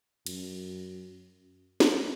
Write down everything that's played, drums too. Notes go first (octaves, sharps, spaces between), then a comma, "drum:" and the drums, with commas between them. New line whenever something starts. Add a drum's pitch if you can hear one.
F#2, drum: cymbal
drum: snare